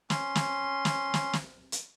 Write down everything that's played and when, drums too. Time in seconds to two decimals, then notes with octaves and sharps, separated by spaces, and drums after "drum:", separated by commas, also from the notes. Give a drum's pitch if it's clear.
0.10 C#4 C6, drum: snare
0.35 drum: snare
0.85 drum: snare
1.14 drum: snare
1.33 drum: snare
1.72 drum: hi-hat